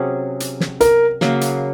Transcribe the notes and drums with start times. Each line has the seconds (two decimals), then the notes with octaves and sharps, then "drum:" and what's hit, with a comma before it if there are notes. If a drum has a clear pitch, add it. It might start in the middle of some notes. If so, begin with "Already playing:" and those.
Already playing: C3 F#3 C#4 G#4
0.40 drum: hi-hat
0.60 drum: snare
0.80 A#4, drum: hi-hat
1.21 C#3 F#3 A#3, drum: snare
1.41 drum: hi-hat